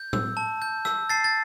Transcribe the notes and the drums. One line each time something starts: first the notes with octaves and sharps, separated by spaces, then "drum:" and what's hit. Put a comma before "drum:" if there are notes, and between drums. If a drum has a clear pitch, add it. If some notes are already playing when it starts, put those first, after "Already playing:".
Already playing: G6
E6, drum: tom A2
A5
G6
E6, drum: rim click
A5 A6 C7
A6